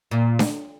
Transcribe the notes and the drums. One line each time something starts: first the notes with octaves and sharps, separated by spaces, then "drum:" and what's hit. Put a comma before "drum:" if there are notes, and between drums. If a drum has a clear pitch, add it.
A#2
drum: snare D4